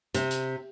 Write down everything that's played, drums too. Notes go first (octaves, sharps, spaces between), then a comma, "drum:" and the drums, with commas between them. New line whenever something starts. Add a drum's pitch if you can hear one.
C3, drum: hi-hat
drum: hi-hat